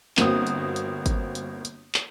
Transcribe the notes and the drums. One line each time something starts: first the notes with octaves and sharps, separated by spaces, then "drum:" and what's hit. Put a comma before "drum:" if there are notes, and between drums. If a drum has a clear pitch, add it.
G1 A#3 C4 F#4 D#6, drum: clap
drum: hi-hat
drum: hi-hat
drum: kick G#1, hi-hat
drum: hi-hat
drum: hi-hat
drum: clap